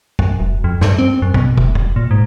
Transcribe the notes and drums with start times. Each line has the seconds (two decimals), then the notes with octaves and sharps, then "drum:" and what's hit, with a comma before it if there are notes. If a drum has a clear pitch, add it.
0.19 F#2, drum: kick
0.40 E1
0.64 F2
0.81 G2, drum: snare
0.99 C4
1.22 F#2
1.34 B2, drum: kick
1.58 E1, drum: kick
1.75 drum: kick
1.96 A#2
2.11 G#2